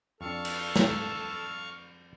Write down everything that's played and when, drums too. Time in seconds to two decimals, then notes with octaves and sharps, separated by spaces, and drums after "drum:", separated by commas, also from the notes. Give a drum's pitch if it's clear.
0.21 F2 D4 A4 F5 C#6
0.45 drum: cymbal
0.76 drum: snare